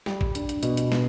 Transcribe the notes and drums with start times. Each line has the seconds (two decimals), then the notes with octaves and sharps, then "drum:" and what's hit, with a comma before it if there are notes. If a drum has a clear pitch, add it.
0.06 G3, drum: snare
0.21 drum: kick A1
0.35 D4, drum: hi-hat
0.49 drum: hi-hat
0.63 B2, drum: hi-hat
0.77 drum: hi-hat
0.92 B3, drum: snare